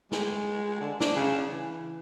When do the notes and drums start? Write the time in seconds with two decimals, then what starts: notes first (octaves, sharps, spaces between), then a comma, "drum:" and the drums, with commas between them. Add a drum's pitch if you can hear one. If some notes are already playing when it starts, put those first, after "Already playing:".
0.12 G#3, drum: snare
0.81 D3
1.00 D4, drum: snare
1.16 C#3
1.52 E3